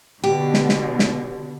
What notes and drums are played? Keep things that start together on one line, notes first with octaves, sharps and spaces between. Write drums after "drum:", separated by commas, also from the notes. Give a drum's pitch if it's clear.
B2 D3 G4
drum: snare
drum: snare
drum: snare